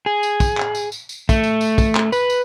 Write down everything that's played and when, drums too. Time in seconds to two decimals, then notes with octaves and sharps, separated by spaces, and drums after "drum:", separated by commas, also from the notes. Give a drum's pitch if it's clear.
0.06 G#4
0.23 drum: tambourine
0.40 drum: kick, tambourine
0.57 drum: clap
0.75 drum: tambourine
0.92 drum: tambourine
1.09 drum: tambourine
1.29 A3, drum: kick, tambourine
1.44 drum: tambourine
1.61 drum: tambourine
1.78 drum: kick, tambourine
1.95 drum: clap
2.12 B4, drum: tambourine
2.30 drum: tambourine